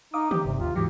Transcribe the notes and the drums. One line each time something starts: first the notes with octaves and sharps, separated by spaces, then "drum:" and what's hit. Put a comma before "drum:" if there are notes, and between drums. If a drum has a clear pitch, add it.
D#4 F5 D6 D#6
G4, drum: tom
G1 C3
D#2 F4
G#2 E3 F#3 G4